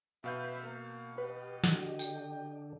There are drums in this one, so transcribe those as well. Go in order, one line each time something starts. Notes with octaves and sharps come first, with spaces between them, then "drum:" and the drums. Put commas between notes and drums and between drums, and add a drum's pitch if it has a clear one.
B2 B4 E5 F5 G6
A#3
G4 B4 D#5
D3 F#4, drum: snare
G5, drum: tambourine